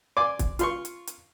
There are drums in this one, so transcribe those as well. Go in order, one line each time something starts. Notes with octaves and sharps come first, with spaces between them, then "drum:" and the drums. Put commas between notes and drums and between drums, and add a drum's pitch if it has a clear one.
D5 G#5 C6 D6
drum: kick, hi-hat
F4 C6 C#6, drum: hi-hat
drum: hi-hat
drum: hi-hat